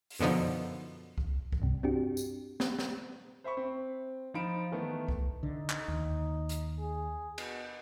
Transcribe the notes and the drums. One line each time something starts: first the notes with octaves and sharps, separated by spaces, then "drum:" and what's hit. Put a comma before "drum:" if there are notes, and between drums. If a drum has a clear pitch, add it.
drum: open hi-hat
F#2 B2 D3 F3 D#4
drum: kick C2
drum: kick C2
G2 C3
C4 D4 F#4 G4
drum: tambourine
drum: snare
drum: snare
C5 E5 B5 C#6
C4
F3 D#4 F4 B5 D7 E7
D#3 E3 A3 B3 D#4
drum: kick C2
D3 D#4
drum: clap
D#2
drum: hi-hat
G#4
B2, drum: cymbal